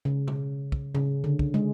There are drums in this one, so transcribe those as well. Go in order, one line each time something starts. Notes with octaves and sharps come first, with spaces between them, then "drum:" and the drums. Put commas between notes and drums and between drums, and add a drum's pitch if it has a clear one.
C#3
drum: tom B2
drum: kick
C#3, drum: tom A2
D3
drum: kick
G#3